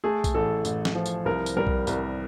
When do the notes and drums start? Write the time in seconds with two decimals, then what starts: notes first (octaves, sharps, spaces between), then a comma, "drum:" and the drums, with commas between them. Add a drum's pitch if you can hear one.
0.04 A3 G#4
0.24 drum: kick B1, tambourine
0.34 A1 A4
0.65 A1, drum: tambourine
0.85 drum: snare
0.95 F3
1.06 drum: tambourine
1.25 C2 A#4
1.46 drum: tambourine
1.57 G3 A#4
1.67 drum: kick B1
1.87 C2, drum: tambourine